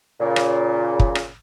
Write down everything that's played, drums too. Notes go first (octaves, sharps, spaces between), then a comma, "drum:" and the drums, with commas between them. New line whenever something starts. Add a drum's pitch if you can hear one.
A#2 C#3
drum: rim click
drum: kick
drum: rim click